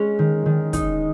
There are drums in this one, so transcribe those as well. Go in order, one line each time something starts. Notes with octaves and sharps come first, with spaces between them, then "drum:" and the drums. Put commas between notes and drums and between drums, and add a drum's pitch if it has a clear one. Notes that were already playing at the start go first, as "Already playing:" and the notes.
Already playing: G#3 C#4
D#3
D#3
D#4, drum: kick, hi-hat